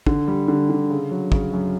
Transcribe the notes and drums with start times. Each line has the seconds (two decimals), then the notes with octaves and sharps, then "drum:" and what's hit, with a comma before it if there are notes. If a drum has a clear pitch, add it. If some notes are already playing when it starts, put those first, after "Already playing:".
0.06 D3, drum: kick
0.27 G3
0.48 D3
0.69 D3
0.90 C#3
1.11 F#3
1.32 C#3, drum: kick
1.53 F#2